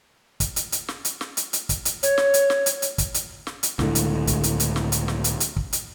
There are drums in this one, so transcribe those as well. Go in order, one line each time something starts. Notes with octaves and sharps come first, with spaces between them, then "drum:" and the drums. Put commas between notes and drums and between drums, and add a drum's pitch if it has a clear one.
drum: kick, hi-hat
drum: hi-hat
drum: hi-hat
drum: snare
drum: hi-hat
drum: snare
drum: hi-hat
drum: hi-hat
drum: kick, hi-hat
drum: hi-hat
C#5, drum: hi-hat
drum: snare
drum: hi-hat
drum: snare
drum: hi-hat
drum: hi-hat
drum: kick, hi-hat
drum: hi-hat
drum: snare
drum: hi-hat
C#2 A2 D3, drum: snare
drum: hi-hat
drum: kick, hi-hat
drum: hi-hat
drum: hi-hat
drum: snare
drum: hi-hat
drum: snare
drum: hi-hat
drum: hi-hat
drum: kick
drum: hi-hat